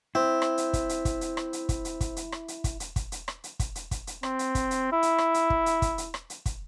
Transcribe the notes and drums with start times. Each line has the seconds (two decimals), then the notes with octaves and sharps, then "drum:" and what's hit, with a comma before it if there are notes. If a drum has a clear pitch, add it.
0.15 C4 E4
0.42 drum: rim click
0.58 drum: hi-hat
0.73 drum: kick, hi-hat
0.89 drum: hi-hat
1.05 drum: kick, hi-hat
1.21 drum: hi-hat
1.37 drum: rim click
1.53 drum: hi-hat
1.69 drum: kick, hi-hat
1.85 drum: hi-hat
2.01 drum: kick, hi-hat
2.16 drum: hi-hat
2.32 drum: rim click
2.48 drum: hi-hat
2.64 drum: kick, hi-hat
2.80 drum: hi-hat
2.96 drum: kick, hi-hat
3.12 drum: hi-hat
3.28 drum: rim click
3.44 drum: hi-hat
3.60 drum: kick, hi-hat
3.75 drum: hi-hat
3.91 drum: kick, hi-hat
4.07 drum: hi-hat
4.23 C4, drum: rim click
4.39 drum: hi-hat
4.55 drum: kick, hi-hat
4.71 drum: hi-hat
4.92 E4
5.03 drum: hi-hat
5.18 drum: rim click
5.34 drum: hi-hat
5.50 drum: kick
5.66 drum: hi-hat
5.82 drum: kick, hi-hat
5.98 drum: hi-hat
6.14 drum: rim click
6.30 drum: hi-hat
6.46 drum: kick, hi-hat